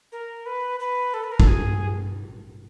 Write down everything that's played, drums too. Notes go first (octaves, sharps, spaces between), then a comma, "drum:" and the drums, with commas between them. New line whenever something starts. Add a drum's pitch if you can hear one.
A#4
B4
B4
A4
B4
A#4
A4, drum: kick
G#4